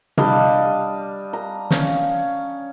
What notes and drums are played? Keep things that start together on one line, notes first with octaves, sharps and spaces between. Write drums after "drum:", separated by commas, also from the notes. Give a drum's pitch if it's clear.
G3 D4 D#5 F5, drum: tom C3
A#5
C#4 F5, drum: snare